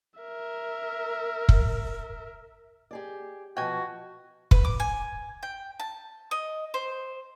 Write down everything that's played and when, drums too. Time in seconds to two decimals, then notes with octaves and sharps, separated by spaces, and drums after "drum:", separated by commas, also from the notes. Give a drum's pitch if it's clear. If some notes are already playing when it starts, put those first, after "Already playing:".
0.20 A#4 E5
1.49 drum: kick
2.91 G4 G#4 D5
3.57 B2 F3 F#4 G5 G#5
4.51 B4, drum: kick
4.65 D6
4.80 G#5
5.43 G5
5.80 A5
6.31 D#5
6.74 C5